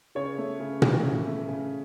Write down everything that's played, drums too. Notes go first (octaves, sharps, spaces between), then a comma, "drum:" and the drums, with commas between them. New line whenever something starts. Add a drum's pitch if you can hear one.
C#3 C#5
A3
C#3
E3, drum: tom A#2
C#3
A3
C#3